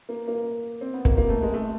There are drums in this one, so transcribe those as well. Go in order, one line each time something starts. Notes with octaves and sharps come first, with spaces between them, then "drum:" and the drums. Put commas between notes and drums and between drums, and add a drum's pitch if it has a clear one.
A#3
A#3
C4
B3
A#3, drum: kick
A#3
A3
G#3
A3